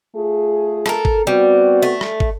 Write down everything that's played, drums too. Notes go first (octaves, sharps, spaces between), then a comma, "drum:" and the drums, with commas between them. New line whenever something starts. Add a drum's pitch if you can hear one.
A3 F4 G#4
A4 A#4, drum: rim click
drum: kick
G3 B3 C4 F#4
A3
drum: rim click
drum: kick